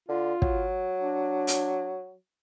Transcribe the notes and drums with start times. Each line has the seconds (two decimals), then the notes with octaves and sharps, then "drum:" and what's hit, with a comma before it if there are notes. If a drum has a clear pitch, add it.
0.09 D3 F4
0.42 F#3, drum: kick
0.99 D4
1.47 drum: hi-hat